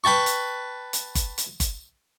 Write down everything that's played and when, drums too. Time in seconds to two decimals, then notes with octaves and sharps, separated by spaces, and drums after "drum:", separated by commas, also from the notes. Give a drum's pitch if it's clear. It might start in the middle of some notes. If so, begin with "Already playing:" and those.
0.04 B4 G5 A5 C#6
0.26 drum: hi-hat
0.93 drum: hi-hat
1.15 drum: kick G1, hi-hat
1.38 drum: hi-hat
1.60 drum: kick G1, hi-hat